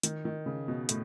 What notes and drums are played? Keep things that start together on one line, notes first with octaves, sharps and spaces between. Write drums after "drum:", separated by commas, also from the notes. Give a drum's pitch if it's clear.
D#3, drum: hi-hat
D#3
C#3
B2
A2, drum: hi-hat